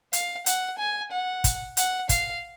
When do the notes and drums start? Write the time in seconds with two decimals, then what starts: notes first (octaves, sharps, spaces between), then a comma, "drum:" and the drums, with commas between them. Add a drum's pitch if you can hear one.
0.13 F5, drum: hi-hat
0.46 F#5, drum: hi-hat
0.78 G#5
1.11 F#5
1.44 drum: kick, hi-hat
1.77 F#5, drum: hi-hat
2.09 F5, drum: kick, hi-hat